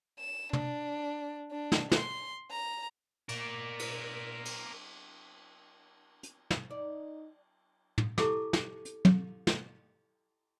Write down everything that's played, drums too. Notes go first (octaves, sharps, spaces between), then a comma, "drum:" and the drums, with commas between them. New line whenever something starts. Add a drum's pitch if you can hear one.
E7
D4, drum: tom
D4
drum: snare
C6, drum: snare
A#5
A#4 D5, drum: cymbal
drum: cymbal
drum: cymbal
drum: hi-hat
drum: snare
D#4 D5
drum: tom
E4 G4 A4 A5 D6, drum: snare
drum: snare
drum: hi-hat
drum: tom
drum: snare